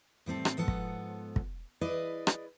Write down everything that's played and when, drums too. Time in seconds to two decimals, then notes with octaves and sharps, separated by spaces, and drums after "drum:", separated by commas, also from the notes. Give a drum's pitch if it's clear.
0.26 A2 G3 C4 A4
0.45 drum: rim click
0.57 G#2 F3 B3 A4 F#5
0.68 drum: kick
1.36 drum: kick
1.81 E4 G#4 B4 D5 D#5
2.27 drum: rim click